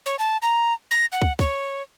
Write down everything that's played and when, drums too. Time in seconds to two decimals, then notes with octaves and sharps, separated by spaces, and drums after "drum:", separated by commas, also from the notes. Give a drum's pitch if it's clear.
0.06 C#5
0.19 A5
0.42 A#5
0.91 A#6
1.12 F#5
1.22 drum: kick
1.39 C#5, drum: kick